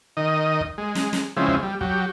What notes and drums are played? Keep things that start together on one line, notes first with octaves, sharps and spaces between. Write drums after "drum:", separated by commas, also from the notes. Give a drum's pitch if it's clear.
D#3 D#5
drum: kick
G#3
drum: snare
drum: snare
C#3 F3 G#3 C4 E4
drum: kick
G3
F#3 G4, drum: kick